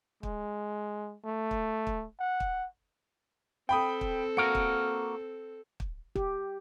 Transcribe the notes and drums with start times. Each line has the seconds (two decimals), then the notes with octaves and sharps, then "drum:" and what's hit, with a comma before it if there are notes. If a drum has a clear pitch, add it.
0.23 G#3, drum: kick
1.24 A3
1.51 drum: kick
1.87 drum: kick
2.20 F#5
2.40 drum: kick
3.69 C4 A4 G5 B5 D#6
4.01 drum: kick
4.37 A#3 F#4 A#4 C#7 D7
4.55 drum: kick
5.80 drum: kick
6.16 G4, drum: kick